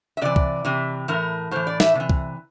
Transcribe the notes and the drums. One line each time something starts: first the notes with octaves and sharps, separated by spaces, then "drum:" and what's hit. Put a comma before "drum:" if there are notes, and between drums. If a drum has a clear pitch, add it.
E5
C3 E3 D5
drum: kick
C3 E3
A2 E3 A#4
A2 E3 C5
D5
E5, drum: snare
C3 E3
drum: kick